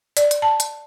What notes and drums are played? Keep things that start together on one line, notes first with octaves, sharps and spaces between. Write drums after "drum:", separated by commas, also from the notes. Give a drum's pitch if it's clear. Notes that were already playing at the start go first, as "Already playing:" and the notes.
D5, drum: hi-hat
drum: hi-hat
A5
drum: hi-hat